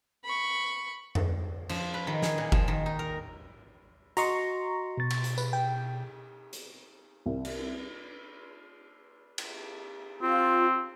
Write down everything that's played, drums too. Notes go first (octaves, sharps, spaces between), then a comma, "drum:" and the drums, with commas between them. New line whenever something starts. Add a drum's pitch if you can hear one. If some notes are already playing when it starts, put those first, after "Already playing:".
B5 C#6
drum: tom F2
F3, drum: cymbal
B4
D#3
G#4, drum: snare
A#2
F3, drum: kick F#1
D#3
D#4
A#4
F#4 D#5 A#5 C6 C#6, drum: hi-hat
B2 A6
drum: cymbal
drum: hi-hat
B4, drum: tambourine
G5
drum: hi-hat
C2
drum: cymbal
drum: cymbal
C4 F4